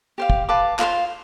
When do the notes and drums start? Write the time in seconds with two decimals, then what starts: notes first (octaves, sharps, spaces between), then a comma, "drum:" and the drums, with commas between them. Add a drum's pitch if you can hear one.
0.18 G4 C5 F5
0.30 drum: kick
0.49 B4 F5 A5 D6
0.79 F4 C5 F5 C6, drum: clap